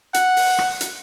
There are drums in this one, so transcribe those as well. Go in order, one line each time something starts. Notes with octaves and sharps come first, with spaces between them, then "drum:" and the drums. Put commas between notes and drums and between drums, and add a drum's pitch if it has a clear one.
F#5, drum: hi-hat
drum: open hi-hat
drum: rim click
drum: hi-hat